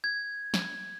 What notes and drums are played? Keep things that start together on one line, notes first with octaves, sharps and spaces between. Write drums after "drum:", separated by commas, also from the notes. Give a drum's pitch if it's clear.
G#6
drum: snare